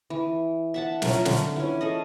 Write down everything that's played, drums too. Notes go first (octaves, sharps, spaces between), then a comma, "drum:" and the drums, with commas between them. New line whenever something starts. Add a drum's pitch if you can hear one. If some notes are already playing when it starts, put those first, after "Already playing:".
E3
E5 F#5 A5
C#4 F4 A#4 E5, drum: snare
D3, drum: snare
E3 C#4
G#4 A4 D#5